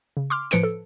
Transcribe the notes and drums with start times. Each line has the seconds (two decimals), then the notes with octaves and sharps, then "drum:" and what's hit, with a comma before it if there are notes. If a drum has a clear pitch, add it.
0.17 C#3
0.30 C6 D6 F6
0.51 A2 F3 B4 C#7 D7, drum: hi-hat
0.63 A4